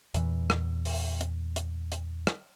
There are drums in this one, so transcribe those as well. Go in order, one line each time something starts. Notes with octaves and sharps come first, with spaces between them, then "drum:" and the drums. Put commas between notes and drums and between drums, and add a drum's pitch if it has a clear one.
E2 A#2 E3, drum: hi-hat
drum: rim click
drum: open hi-hat
drum: hi-hat
drum: hi-hat
drum: hi-hat
drum: rim click